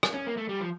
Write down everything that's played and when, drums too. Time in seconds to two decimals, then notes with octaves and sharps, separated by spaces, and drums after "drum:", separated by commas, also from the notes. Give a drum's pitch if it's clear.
0.03 drum: rim click
0.14 C#4
0.27 A#3
0.37 A3
0.49 G3
0.60 F3